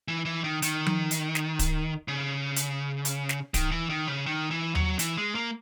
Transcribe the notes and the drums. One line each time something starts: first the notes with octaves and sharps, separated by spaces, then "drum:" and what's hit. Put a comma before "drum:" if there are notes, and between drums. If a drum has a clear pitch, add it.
E3
E3
D#3
D#3, drum: hi-hat
drum: tom F3
drum: hi-hat
drum: snare
drum: kick D1, hi-hat
C#3
drum: hi-hat
drum: hi-hat
drum: snare
D#3, drum: kick D1, hi-hat
E3
D#3
C#3
D#3
E3
F#3, drum: tom D#2
E3, drum: hi-hat
G#3
A#3